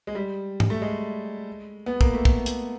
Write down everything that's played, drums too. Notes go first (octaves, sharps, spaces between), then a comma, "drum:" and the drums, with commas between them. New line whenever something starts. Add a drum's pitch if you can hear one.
G#3
G3
drum: tom G#2
A3
G#3
B3
A#3, drum: kick
A3
drum: kick
drum: hi-hat